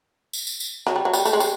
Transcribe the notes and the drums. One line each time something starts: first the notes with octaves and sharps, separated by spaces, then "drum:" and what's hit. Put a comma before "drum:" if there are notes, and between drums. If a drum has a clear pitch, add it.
drum: tambourine
drum: tambourine
drum: tambourine
F#3, drum: rim click
G3
F#3
G3, drum: tambourine
A3, drum: tambourine
G#3
G3, drum: tambourine